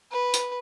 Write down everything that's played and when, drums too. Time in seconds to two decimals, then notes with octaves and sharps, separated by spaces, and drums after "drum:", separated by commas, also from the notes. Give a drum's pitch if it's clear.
0.12 B4
0.34 drum: hi-hat